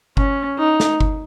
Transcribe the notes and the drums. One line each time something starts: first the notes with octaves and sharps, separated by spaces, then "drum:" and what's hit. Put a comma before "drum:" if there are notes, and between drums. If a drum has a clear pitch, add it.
C#4, drum: kick G1
D#4
drum: snare
drum: kick G1